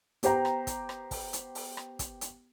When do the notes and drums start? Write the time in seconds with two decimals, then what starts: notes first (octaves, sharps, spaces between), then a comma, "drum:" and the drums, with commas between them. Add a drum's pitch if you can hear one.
0.23 B3 G4 C5 G5 A#5, drum: hi-hat
0.45 drum: rim click
0.67 drum: kick, hi-hat
0.89 drum: rim click
1.11 drum: kick, open hi-hat
1.33 drum: hi-hat
1.55 drum: open hi-hat
1.77 drum: rim click
1.99 drum: kick, hi-hat
2.21 drum: hi-hat